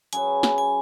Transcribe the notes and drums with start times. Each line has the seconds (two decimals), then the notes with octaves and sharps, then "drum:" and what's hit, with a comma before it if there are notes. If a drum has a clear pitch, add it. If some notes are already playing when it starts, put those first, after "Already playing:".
0.13 F#3 C#4 G#4 B4 G#5, drum: hi-hat
0.43 drum: snare
0.58 G#5